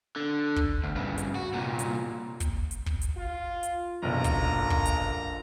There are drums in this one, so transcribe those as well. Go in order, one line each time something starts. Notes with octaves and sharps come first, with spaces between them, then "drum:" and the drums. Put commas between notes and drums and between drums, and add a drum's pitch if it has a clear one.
D3
drum: kick
D2
G2 C#3
drum: hi-hat
F#4
C2 A#2
drum: hi-hat
drum: kick, hi-hat
drum: hi-hat
drum: kick
drum: hi-hat
F4
drum: hi-hat
F#1 B1 A#2 D3 A#5
drum: kick, hi-hat
drum: kick
drum: hi-hat